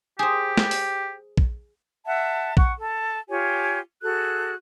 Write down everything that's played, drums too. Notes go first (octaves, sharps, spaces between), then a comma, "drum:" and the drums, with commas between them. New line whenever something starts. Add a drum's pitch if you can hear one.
G4 G#4 C5
drum: snare
drum: open hi-hat
drum: kick
E5 F#5 A5
F#5 C#6, drum: kick
A4
F4 G4 C#5 G#5
F#4 G#4 A4 F#6